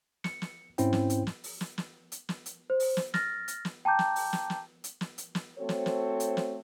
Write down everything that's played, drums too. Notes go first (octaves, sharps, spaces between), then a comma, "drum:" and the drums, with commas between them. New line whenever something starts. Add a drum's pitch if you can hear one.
C#7, drum: snare
drum: snare
G#2 C4 C#4 E4 C5 G5, drum: hi-hat
drum: snare
drum: hi-hat
drum: snare
drum: open hi-hat
drum: snare
drum: snare
drum: hi-hat
drum: snare
drum: hi-hat
C5
drum: open hi-hat
drum: snare
F6 A6 A#6, drum: snare
drum: hi-hat
drum: snare
G5 A5 A#5 D6 G6
drum: snare
drum: open hi-hat
drum: snare
drum: snare
drum: hi-hat
drum: snare
drum: hi-hat
drum: snare
A3 C4 F#4 A4 C5 C#5
drum: snare
drum: snare
drum: hi-hat
drum: snare